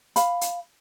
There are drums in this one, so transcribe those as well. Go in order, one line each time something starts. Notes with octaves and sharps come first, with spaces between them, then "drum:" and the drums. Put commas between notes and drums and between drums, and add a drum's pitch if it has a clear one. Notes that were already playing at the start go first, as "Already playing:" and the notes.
F5 B5, drum: hi-hat
drum: hi-hat